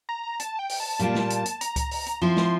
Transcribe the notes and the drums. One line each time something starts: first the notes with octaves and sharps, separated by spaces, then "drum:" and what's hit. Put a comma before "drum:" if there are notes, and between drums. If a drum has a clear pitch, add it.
A#5
A#5
A5, drum: hi-hat
G5
drum: open hi-hat
A5
A#2 G3 A#3 F4, drum: hi-hat
drum: snare
drum: hi-hat
drum: hi-hat
A#5, drum: hi-hat
drum: kick C#2, hi-hat
drum: open hi-hat
drum: hi-hat
F3 C4 E4 C6
C6, drum: snare